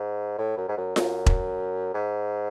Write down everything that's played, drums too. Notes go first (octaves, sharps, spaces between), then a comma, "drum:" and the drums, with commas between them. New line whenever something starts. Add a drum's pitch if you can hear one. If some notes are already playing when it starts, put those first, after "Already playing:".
Already playing: G#2
A2
F#2
G#2
F#2
F#2, drum: snare F4
drum: kick E1
G#2